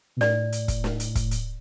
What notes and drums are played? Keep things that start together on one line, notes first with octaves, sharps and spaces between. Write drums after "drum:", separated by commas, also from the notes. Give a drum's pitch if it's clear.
B2
A2 D5, drum: snare
drum: hi-hat
drum: kick, hi-hat
drum: snare
drum: hi-hat
drum: kick, hi-hat
drum: hi-hat